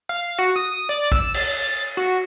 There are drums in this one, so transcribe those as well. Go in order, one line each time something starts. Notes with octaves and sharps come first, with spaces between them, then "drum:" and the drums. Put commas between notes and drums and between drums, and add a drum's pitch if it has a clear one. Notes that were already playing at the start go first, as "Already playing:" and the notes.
F5
F#4
D#6
D5
E6, drum: kick
A6, drum: cymbal
F#4